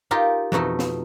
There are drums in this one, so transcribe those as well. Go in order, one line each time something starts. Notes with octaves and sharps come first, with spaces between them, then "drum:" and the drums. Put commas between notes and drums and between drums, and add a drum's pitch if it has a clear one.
D#4 F4 G4 A#4
F2 B2 A3 D#4, drum: tom E3
drum: snare